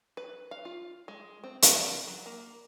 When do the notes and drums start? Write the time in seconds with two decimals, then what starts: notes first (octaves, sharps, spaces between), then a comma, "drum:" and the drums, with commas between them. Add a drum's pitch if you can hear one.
0.17 B4
0.51 F5
0.65 F4
1.08 G#3
1.44 C4
1.62 D4, drum: hi-hat
2.07 F#3
2.26 A#3